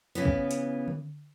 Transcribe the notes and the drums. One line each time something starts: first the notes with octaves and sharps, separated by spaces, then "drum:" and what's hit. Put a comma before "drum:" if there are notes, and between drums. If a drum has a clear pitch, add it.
C#3 E3 B3
drum: kick
drum: hi-hat
drum: tom D3